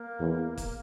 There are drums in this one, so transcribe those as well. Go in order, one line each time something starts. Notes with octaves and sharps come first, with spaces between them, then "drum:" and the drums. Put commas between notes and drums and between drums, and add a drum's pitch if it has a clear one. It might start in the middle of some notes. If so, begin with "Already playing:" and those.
Already playing: A#3
E2
drum: kick, hi-hat